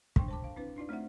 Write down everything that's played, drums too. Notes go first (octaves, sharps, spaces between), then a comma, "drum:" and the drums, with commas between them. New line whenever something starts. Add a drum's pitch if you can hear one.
D4 C5 G5 C6 C#6, drum: kick
C5 A5 D6
F5
C4 D4 E4 B4
D4 D#4 F4 D5
A3 C4 C5 E5 F#5